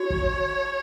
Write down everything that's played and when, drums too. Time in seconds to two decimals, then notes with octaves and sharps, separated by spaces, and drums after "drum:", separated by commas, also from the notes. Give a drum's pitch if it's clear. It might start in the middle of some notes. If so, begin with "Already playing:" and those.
Already playing: F#4 C#5
0.10 drum: kick